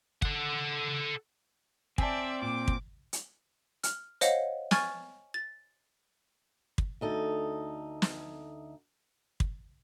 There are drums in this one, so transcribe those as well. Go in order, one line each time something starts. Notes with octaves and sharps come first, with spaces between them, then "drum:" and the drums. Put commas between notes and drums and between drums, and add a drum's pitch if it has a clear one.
A4 F#5, drum: kick
C4 D5 E5 G#5 A5, drum: kick
A#2 D6
drum: kick
drum: hi-hat
F6, drum: hi-hat
C5 C#5 D#5 F5 F#5, drum: hi-hat
G#5 C#6 F6 G#6 A6, drum: snare
A6
drum: kick
D2 D#4 A4
drum: snare
drum: kick